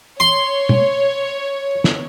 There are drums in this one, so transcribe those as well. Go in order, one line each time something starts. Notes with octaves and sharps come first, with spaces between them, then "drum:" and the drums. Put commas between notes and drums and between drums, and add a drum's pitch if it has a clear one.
C#5 C6
drum: tom
drum: snare